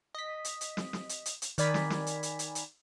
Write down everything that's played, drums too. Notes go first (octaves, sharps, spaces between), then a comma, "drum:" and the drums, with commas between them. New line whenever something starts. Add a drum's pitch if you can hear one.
D#5 B6
drum: hi-hat
drum: hi-hat
drum: snare
drum: snare
drum: hi-hat
drum: hi-hat
drum: hi-hat
D#3 A#4 D5 G#5 B5 B6, drum: hi-hat
drum: snare
drum: snare
drum: hi-hat
drum: hi-hat
drum: hi-hat
drum: hi-hat